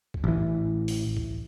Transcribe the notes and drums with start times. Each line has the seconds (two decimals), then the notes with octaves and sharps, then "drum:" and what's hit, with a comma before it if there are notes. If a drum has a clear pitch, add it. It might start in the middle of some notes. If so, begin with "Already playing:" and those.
0.14 drum: kick
0.24 A1 E3
0.88 drum: open hi-hat
1.17 drum: kick